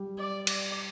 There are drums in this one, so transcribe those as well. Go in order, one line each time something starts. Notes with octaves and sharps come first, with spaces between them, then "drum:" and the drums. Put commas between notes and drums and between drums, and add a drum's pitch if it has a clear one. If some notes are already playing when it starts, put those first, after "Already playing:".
Already playing: G3 G4
D5
D5, drum: cymbal